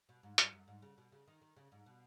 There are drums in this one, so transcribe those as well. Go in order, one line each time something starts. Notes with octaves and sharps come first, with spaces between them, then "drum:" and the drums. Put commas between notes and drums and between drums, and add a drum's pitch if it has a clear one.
B2
G#2
G#2, drum: hi-hat
F#2
G#2
C#3
B2
C#3
D#3
D#3
C#3
G#2
B2